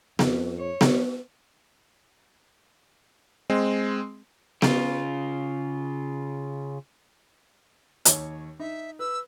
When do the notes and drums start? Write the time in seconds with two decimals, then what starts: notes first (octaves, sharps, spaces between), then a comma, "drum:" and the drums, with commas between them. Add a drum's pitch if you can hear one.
0.19 F2, drum: snare B3
0.58 C#5
0.81 drum: snare B3
3.50 G#3 C4
4.62 C#3 F4, drum: snare B3
8.05 D#2 C#5, drum: hi-hat
8.60 D#4 E5
8.99 B4 E6